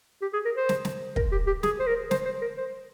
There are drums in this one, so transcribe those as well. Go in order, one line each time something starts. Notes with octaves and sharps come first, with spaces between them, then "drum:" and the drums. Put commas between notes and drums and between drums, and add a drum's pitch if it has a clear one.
G4
G#4
A#4
C5
drum: snare
drum: snare
A#4, drum: kick
G4
G4
G#4, drum: snare
C5
A#4
C5, drum: snare
C5
A#4
C5